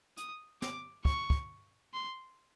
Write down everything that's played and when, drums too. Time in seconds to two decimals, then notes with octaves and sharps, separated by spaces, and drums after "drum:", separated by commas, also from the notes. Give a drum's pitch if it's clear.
0.17 D#6, drum: hi-hat
0.62 D6, drum: snare
1.05 C#6, drum: kick
1.30 drum: kick
1.94 C6